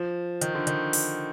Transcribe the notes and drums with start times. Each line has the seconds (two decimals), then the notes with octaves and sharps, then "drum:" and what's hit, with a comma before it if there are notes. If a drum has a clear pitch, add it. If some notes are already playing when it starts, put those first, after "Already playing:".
Already playing: F3
0.41 D#3, drum: hi-hat
0.55 D3
0.67 D#3, drum: hi-hat
0.93 drum: open hi-hat